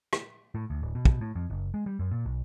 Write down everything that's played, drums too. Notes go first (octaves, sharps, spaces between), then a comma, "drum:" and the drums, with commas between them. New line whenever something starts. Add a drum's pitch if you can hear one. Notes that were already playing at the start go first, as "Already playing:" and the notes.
drum: rim click
A2
D2
D1
B2
drum: kick
A2
F2
F#1
G#3
G3
F#2
A#2
B1